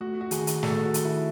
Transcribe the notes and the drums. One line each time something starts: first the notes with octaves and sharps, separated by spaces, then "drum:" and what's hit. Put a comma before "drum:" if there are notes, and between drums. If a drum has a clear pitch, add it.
A3 F#4
F#4
D#3 G#4, drum: hi-hat
drum: hi-hat
A3 A4, drum: snare
F#4
D#3, drum: hi-hat
E4